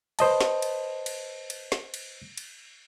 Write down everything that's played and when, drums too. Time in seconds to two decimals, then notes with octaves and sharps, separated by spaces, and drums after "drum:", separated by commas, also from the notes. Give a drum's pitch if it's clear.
0.19 B4 C5 D#5 A5, drum: cymbal
0.41 drum: snare
0.62 drum: cymbal
1.06 drum: cymbal
1.50 drum: cymbal
1.72 drum: snare
1.94 drum: cymbal
2.37 drum: cymbal